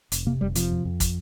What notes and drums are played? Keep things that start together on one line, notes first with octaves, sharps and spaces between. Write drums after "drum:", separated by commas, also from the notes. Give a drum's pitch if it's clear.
F1, drum: hi-hat
C3 A#3
F1 G3
C3 F3, drum: hi-hat
F2
F2
drum: kick, hi-hat